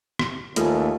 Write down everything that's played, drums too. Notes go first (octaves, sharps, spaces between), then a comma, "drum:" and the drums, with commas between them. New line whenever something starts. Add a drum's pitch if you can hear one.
drum: rim click
D#2 A3 F4 A4 B4 G#5, drum: hi-hat